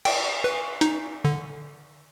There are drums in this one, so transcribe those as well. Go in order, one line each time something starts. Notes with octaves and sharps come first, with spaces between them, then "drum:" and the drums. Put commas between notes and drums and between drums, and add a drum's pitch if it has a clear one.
G5, drum: cymbal
B4
D#4, drum: hi-hat
D3